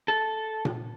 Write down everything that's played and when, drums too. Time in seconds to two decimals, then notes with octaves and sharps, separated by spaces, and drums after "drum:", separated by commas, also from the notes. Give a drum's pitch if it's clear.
0.08 A4
0.65 drum: tom A#2